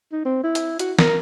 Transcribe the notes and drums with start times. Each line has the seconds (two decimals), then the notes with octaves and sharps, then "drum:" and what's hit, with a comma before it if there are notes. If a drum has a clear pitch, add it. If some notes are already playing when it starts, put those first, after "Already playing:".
0.12 D#4
0.25 C4
0.44 E4
0.55 drum: hi-hat
0.79 F#4, drum: hi-hat
0.99 A#4, drum: snare